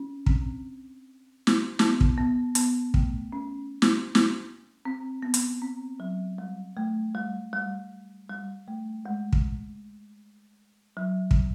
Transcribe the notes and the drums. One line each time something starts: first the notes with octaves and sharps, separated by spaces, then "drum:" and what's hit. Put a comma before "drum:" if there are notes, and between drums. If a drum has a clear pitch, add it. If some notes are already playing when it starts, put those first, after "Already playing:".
Already playing: C#4
C4, drum: kick
drum: snare
B3, drum: snare
drum: kick
B3
B3, drum: hi-hat
A3, drum: kick
C#4
drum: snare
drum: snare
C4
B3
drum: hi-hat
C4
F#3
G3
A3
G3
G3
G3
A3
G#3
drum: kick
F#3
drum: kick